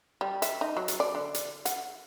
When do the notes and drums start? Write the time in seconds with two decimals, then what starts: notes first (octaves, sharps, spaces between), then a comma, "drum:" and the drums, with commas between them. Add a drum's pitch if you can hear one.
0.21 G3
0.42 E5, drum: hi-hat
0.61 D#4
0.77 F#3
0.88 drum: hi-hat
1.00 D5
1.15 D3
1.34 drum: hi-hat
1.65 F#5, drum: hi-hat